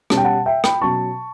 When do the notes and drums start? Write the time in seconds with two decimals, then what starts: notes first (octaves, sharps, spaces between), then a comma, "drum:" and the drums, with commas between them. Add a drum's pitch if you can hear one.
0.10 B2 G3 C#4 A5, drum: rim click
0.17 G5
0.24 F#5 A5
0.46 E5 G5
0.64 G5 B5, drum: rim click
0.82 B2 F#3 C#4 A5 C#6